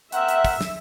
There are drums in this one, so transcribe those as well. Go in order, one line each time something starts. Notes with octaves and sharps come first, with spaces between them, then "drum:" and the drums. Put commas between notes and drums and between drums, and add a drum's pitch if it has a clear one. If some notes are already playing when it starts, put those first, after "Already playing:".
C4 A#4 E5 F#5, drum: hi-hat
drum: hi-hat
drum: kick, open hi-hat
drum: snare